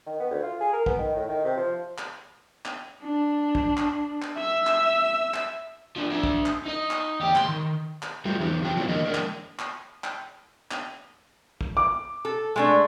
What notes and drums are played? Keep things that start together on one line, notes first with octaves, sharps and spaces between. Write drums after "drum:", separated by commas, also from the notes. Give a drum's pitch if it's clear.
D#3
B3
D2
F4
G#4
A#4
B3, drum: kick
D#3
A2
D#3
C3
F3
drum: clap
drum: clap
D4
drum: kick
drum: clap
drum: clap
E5 E6
drum: clap
drum: clap
F3 D4
D4 E5
drum: kick
drum: clap
D#4 D#5
drum: clap
E2 G4
D2 C6, drum: clap
D#3
drum: clap
G3 A3 F4 F#4
E3 D#4 G4
E2 F3 F#3 F4 G5 A5
F3 F#3 A3 B3 D4 E4
D#3 A#3 D4 A#4 D#5
G#3 D4 A#4
drum: clap
drum: clap
drum: clap
drum: clap
drum: kick
D6
A4
G#3 A3 D4